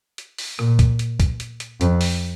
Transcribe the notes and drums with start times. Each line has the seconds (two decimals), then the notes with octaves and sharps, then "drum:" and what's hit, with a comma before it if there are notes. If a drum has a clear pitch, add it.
0.18 drum: hi-hat
0.38 drum: open hi-hat
0.59 A#2, drum: rim click
0.79 drum: kick C#2, hi-hat
0.99 drum: hi-hat
1.20 drum: kick C#2, hi-hat
1.40 drum: hi-hat
1.60 drum: hi-hat
1.81 F2, drum: hi-hat
2.01 drum: open hi-hat